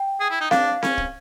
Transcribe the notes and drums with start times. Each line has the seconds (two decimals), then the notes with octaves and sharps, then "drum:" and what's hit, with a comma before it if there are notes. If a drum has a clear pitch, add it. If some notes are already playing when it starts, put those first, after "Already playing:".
Already playing: G5
0.20 G#4
0.30 E4
0.41 D#4
0.51 D4 F5, drum: snare C4
0.83 C#4, drum: snare C4
0.98 drum: kick